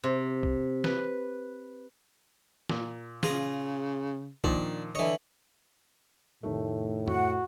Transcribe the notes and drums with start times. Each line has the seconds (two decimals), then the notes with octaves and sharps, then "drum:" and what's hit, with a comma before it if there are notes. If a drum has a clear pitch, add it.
0.04 C3
0.43 drum: kick B1
0.84 B4, drum: snare
2.69 A#2, drum: snare
3.23 C#3 F4 G#4 A#5, drum: snare
4.44 A#2 D#3 F3 D4, drum: kick B1
4.95 D3 E3 C#5 D#5
6.43 F1 A2 D#3 A3
7.08 F#4 F#5, drum: tom F2